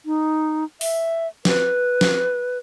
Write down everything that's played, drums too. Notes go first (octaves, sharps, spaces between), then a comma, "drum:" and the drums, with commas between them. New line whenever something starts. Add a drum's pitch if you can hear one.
D#4
E5, drum: open hi-hat
B4, drum: snare
drum: snare